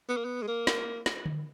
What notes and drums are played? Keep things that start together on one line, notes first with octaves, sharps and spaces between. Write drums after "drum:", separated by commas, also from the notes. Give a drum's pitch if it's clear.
B3
A#3
B3
G#3
A#3
drum: snare
drum: snare
drum: tom D3